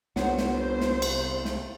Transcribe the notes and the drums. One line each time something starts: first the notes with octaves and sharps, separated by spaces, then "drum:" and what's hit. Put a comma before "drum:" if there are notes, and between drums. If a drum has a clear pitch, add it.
G1 C2 B3 C5 C#5 F#5, drum: snare
drum: snare
drum: snare
drum: cymbal
drum: snare